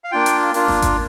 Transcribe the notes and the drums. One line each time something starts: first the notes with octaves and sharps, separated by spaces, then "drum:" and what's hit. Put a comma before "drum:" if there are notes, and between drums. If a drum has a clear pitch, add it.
F5
A#3 D4 F4 G5
drum: hi-hat
A#3 D4 F4, drum: open hi-hat
drum: snare F#1
drum: kick G#1, hi-hat